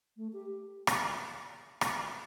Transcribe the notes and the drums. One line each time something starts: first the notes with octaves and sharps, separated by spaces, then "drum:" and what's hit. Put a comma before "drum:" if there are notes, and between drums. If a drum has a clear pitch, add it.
A3
G4
drum: rim click
drum: rim click